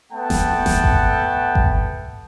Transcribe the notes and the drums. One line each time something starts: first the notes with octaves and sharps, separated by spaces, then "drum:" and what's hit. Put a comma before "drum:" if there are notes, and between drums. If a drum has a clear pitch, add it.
A3 B3 F#5 G5 A5
drum: snare E1
drum: snare E1
drum: kick G#1
drum: kick G#1